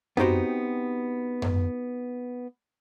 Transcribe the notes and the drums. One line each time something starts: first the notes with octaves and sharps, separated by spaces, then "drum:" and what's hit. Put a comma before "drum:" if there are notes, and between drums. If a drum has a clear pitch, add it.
B3 C4 D#4 F#4 G4 C5, drum: tom F#2
drum: tom F#2